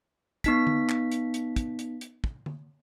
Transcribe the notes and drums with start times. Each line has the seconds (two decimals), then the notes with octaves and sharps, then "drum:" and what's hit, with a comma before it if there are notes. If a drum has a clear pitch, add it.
0.44 B3 D#4 B6, drum: kick, hi-hat
0.67 drum: tom D3
0.89 drum: clap
1.12 drum: hi-hat
1.34 drum: hi-hat
1.56 drum: kick, hi-hat
1.79 drum: hi-hat
2.01 drum: hi-hat
2.24 drum: kick
2.46 drum: tom